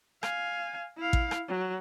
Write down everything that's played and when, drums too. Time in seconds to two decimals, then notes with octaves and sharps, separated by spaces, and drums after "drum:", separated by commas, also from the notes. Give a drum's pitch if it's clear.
0.23 F5 G#5, drum: rim click
0.97 E4 F5
1.13 drum: kick A1
1.31 drum: rim click
1.48 F#3